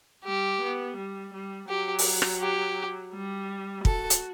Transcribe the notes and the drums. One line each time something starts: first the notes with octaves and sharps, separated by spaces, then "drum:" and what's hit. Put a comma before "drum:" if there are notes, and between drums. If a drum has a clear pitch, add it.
G3 G4
B3
G3
G3
F#3 G4
drum: open hi-hat
drum: rim click
G4
G3
F#4 A4, drum: kick
drum: hi-hat